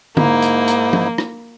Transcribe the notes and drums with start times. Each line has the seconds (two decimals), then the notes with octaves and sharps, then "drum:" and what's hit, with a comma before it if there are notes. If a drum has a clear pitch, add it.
0.17 G#2 A#3 D#4 E4, drum: tom D3
0.42 drum: hi-hat
0.68 drum: hi-hat
0.93 drum: tom F3
1.18 drum: rim click